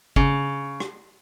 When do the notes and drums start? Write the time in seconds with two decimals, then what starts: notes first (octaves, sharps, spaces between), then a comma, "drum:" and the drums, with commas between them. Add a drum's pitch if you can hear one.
0.16 C#3, drum: kick
0.80 drum: rim click